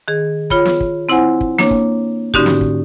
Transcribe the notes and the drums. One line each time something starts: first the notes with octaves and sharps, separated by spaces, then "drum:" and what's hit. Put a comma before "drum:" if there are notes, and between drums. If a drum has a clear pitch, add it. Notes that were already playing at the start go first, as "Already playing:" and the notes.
D#3 G#4
F4 C#5 B5, drum: kick
drum: snare
drum: kick
C4 E4 C5 F#5 G#5
drum: kick
A#3 D4 C#5, drum: snare
drum: kick
G#2 D3 C#4 D#4 F#4 G4, drum: kick
drum: snare
drum: kick